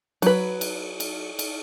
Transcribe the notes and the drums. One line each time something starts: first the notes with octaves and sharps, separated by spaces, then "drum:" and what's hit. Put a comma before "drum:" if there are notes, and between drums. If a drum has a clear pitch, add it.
F#3 B4, drum: cymbal
drum: cymbal
drum: cymbal
drum: cymbal